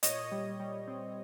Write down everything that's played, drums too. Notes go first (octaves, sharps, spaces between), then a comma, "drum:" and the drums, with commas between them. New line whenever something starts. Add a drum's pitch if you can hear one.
A#2 C#5 D#5, drum: hi-hat
G3
G3
C4